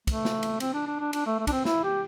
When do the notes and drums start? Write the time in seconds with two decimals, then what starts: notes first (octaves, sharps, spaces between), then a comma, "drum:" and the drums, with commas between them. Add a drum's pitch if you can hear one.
0.07 A3, drum: kick, cymbal
0.25 drum: snare
0.43 drum: cymbal
0.60 C4, drum: cymbal
0.73 D4
0.87 D4
1.00 D4
1.13 D4, drum: cymbal
1.26 A3
1.39 A3
1.47 D4, drum: kick, cymbal
1.52 C4
1.65 E4, drum: snare
1.83 G4